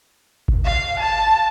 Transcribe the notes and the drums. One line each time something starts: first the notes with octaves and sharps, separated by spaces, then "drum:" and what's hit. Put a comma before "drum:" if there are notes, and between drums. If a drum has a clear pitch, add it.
drum: kick G#1
F5
A5